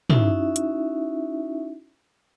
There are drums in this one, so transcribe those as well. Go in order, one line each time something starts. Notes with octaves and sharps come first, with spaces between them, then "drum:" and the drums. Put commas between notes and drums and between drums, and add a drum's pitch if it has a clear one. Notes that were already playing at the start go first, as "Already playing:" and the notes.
C#4 D#4 E4 F#4 E5, drum: tom
drum: hi-hat